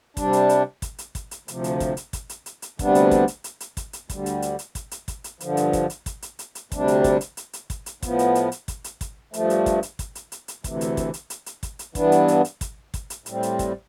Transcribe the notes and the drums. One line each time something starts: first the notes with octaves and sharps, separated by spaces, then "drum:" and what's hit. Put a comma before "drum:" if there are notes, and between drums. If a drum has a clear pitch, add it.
C3 G3 D4, drum: kick, hi-hat
drum: hi-hat
drum: hi-hat
drum: kick, hi-hat
drum: hi-hat
drum: kick, hi-hat
drum: hi-hat
D2 C3 F3, drum: hi-hat
drum: hi-hat
drum: kick, hi-hat
drum: hi-hat
drum: kick, hi-hat
drum: hi-hat
drum: hi-hat
drum: hi-hat
D2 C3 G3 B3 D4, drum: kick, hi-hat
drum: hi-hat
drum: kick, hi-hat
drum: hi-hat
drum: hi-hat
drum: hi-hat
drum: kick, hi-hat
drum: hi-hat
D2 D3 G3, drum: kick, hi-hat
drum: hi-hat
drum: hi-hat
drum: hi-hat
drum: kick, hi-hat
drum: hi-hat
drum: kick, hi-hat
drum: hi-hat
G2 D3 F3, drum: hi-hat
drum: hi-hat
drum: kick, hi-hat
drum: hi-hat
drum: kick, hi-hat
drum: hi-hat
drum: hi-hat
drum: hi-hat
D2 C3 G3 D4, drum: kick, hi-hat
drum: hi-hat
drum: kick, hi-hat
drum: hi-hat
drum: hi-hat
drum: hi-hat
drum: kick, hi-hat
drum: hi-hat
A2 F3 B3, drum: kick, hi-hat
drum: hi-hat
drum: hi-hat
drum: hi-hat
drum: kick, hi-hat
drum: hi-hat
drum: kick, hi-hat
G2 F3 A3, drum: hi-hat
drum: hi-hat
drum: kick, hi-hat
drum: hi-hat
drum: kick, hi-hat
drum: hi-hat
drum: hi-hat
drum: hi-hat
D2 C3 E3, drum: kick, hi-hat
drum: hi-hat
drum: kick, hi-hat
drum: hi-hat
drum: hi-hat
drum: hi-hat
drum: kick, hi-hat
drum: hi-hat
G2 E3 B3 D4, drum: kick, hi-hat
drum: hi-hat
drum: hi-hat
drum: hi-hat
drum: kick, hi-hat
drum: kick, hi-hat
drum: hi-hat
A2 G3 C4, drum: hi-hat
drum: hi-hat
drum: kick, hi-hat